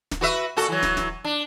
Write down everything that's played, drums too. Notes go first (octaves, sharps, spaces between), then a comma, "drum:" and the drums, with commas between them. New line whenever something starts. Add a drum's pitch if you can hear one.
drum: snare
F#4 B4 E5
A#2 F#4 A4
E3 F#3
drum: snare
drum: snare
D4